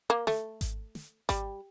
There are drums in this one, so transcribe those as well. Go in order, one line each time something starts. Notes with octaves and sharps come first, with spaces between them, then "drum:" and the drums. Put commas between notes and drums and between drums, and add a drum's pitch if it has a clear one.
A#3
A3, drum: snare
drum: kick G#1, hi-hat
drum: snare
G3, drum: kick G#1, hi-hat